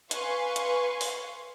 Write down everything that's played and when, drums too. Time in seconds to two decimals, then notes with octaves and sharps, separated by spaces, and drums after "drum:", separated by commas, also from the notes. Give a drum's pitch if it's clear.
0.11 B4 F5 G#5 C6 C#6, drum: hi-hat
0.56 drum: hi-hat
1.01 drum: open hi-hat